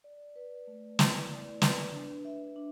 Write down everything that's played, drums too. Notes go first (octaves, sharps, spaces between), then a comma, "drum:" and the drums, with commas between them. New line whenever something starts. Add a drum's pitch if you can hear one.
D5
B4
A3
E4, drum: snare
D5
B4, drum: snare
D4
E5
D4